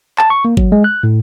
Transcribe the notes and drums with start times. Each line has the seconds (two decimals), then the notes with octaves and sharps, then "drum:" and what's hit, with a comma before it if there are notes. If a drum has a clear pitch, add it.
0.18 A5, drum: clap
0.30 C#6
0.45 A#3
0.57 F#3, drum: kick G1
0.72 G#3
0.84 F#6
1.03 A2